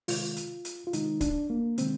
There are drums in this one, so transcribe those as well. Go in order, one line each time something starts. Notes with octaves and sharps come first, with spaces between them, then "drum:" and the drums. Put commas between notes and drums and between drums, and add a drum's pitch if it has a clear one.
C3 D#3 G#3 F4, drum: open hi-hat
drum: hi-hat
drum: hi-hat
F4
C3 D#3 G#3 D#4, drum: hi-hat
D4, drum: kick, hi-hat
A#3
C3 D#3 G#3 C4, drum: hi-hat